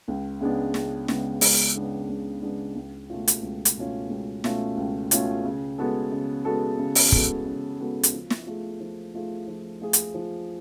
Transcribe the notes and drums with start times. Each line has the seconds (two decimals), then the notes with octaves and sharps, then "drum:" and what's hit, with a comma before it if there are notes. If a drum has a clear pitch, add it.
0.08 C#2
0.41 C#3 G#3 B3 D4
0.74 C#2, drum: snare
1.08 C#3 G#3 B3 D4, drum: snare
1.41 C#2, drum: open hi-hat
1.75 C#3 G#3 B3 D4
2.09 C#2
2.42 C#3 G#3 B3 D4
2.76 C#2
3.10 B2 A3 C#4 F4
3.28 drum: hi-hat
3.42 C#2
3.65 drum: hi-hat
3.77 B2 A3 C#4 F4
4.10 C#2
4.44 B2 A3 C#4 F4, drum: snare
4.77 C#2
5.11 B2 A3 C#4 F4, drum: hi-hat
5.45 C#3
5.78 G#3 B3 F#4 A4
6.11 C#3
6.45 G#3 B3 F#4 A4
6.79 C#3
6.95 drum: open hi-hat
7.12 G#3 B3 F#4 A4, drum: kick
7.46 C#3
7.79 G#3 B3 F#4 A4
8.03 drum: hi-hat
8.13 F3
8.30 drum: snare
8.47 A3 F4 G#4
8.80 F3
9.14 A3 F4 G#4
9.47 F3
9.81 A3 F4 G#4
9.93 drum: hi-hat
10.14 F3